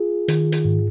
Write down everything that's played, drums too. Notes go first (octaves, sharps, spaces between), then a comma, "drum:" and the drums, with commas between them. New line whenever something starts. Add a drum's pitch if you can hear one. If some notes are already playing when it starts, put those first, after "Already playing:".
Already playing: F4 G#4
D#3, drum: hi-hat
drum: hi-hat
G#2